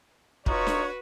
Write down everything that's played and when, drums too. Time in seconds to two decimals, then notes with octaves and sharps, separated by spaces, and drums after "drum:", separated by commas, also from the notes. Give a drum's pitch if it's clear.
0.46 D#4 F4 F#4 B4 C#5, drum: kick
0.67 drum: snare D4